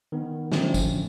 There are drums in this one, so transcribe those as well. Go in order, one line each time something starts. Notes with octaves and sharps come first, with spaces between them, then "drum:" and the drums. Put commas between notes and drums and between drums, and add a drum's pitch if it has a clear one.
D#3 B3
D3 F3 A3 C4 C#4, drum: snare
drum: kick, tambourine